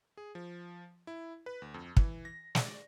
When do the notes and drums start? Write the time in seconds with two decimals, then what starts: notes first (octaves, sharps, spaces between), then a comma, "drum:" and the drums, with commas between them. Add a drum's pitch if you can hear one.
0.17 G#4
0.35 F3
1.07 E4
1.46 B4
1.62 D2
1.74 F2
1.97 E3, drum: kick
2.25 A#6
2.55 D5, drum: snare